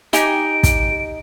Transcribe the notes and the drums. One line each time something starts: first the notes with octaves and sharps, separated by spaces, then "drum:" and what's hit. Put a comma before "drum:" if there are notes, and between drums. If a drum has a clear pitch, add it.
D#4 G4 G#5 D7, drum: hi-hat
drum: kick, hi-hat